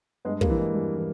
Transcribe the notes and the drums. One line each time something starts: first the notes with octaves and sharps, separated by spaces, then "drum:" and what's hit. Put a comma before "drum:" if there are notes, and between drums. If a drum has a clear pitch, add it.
G2 G#3 B3
G3 A#3, drum: kick
E3
G#3
G2 G3
E3